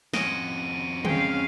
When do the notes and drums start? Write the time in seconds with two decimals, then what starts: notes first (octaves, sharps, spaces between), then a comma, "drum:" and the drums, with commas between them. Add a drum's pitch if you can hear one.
0.14 F2 C#4 F#4 D#5 D7 D#7, drum: snare
1.05 G#3 C#4 F5 G5, drum: tom